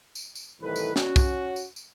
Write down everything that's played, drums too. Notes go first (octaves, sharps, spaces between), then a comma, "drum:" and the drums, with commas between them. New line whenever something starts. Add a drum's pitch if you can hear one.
drum: tambourine
drum: tambourine
C2 A2 D#3 E3 A4 B4
drum: tambourine
C#4 F#4, drum: snare
drum: kick, tambourine
drum: tambourine
drum: tambourine